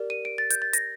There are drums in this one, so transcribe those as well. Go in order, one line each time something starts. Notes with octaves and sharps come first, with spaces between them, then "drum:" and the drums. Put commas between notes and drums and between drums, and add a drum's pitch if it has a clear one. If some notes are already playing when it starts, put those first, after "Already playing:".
Already playing: G4 A#4 D5
D#7
D7
A6
G6, drum: hi-hat
A6
A#6, drum: hi-hat